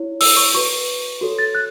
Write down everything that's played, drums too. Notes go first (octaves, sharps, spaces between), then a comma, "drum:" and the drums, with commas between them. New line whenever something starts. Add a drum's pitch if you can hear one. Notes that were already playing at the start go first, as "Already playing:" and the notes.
Already playing: E4 C#5
E6, drum: open hi-hat
C#6
F#4 B4 C#6
F#4 A4 C#5
A6
F#6